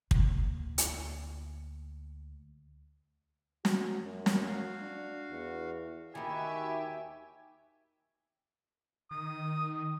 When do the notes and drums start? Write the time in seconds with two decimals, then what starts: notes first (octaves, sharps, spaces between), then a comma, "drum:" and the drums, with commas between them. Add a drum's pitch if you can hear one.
0.11 D2 A#3, drum: kick
0.78 drum: hi-hat
3.65 F#4, drum: snare
4.02 F#2
4.26 drum: snare
4.47 F#4 F5
4.81 D4
5.30 E2
6.15 D#2 D#3 F#4 G4 E5 G#5 B5
9.11 D#3 D#6